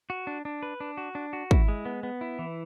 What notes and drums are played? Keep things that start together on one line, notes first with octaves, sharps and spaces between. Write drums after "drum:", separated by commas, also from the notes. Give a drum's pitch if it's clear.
F#4
D4
D4
B4
D4
F#4
D4
F#4
E4, drum: kick
G#3
B3
B3
E4
E3